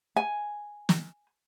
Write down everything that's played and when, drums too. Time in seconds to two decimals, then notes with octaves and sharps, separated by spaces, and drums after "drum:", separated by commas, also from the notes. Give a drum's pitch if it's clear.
0.16 G#5
0.89 drum: snare